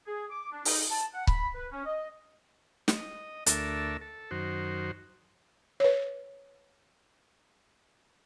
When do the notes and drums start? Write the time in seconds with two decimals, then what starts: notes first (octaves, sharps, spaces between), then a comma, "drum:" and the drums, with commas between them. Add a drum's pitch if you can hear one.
0.07 G#4
0.30 D6
0.51 D4
0.65 D#4, drum: open hi-hat
0.90 A5
1.13 F#5
1.27 B5, drum: kick C#1
1.55 B4
1.72 C#4
1.86 D#5
2.88 D#5, drum: snare
3.46 D2 A3 D4 A4 A#4 E5, drum: hi-hat
4.01 A4
4.31 F#2 D#3 F#4 C5
5.80 B4 C#5